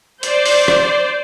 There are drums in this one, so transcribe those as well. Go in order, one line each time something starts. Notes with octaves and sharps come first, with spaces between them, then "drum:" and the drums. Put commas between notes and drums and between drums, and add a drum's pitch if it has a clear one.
C5 D5, drum: hi-hat
drum: open hi-hat
drum: rim click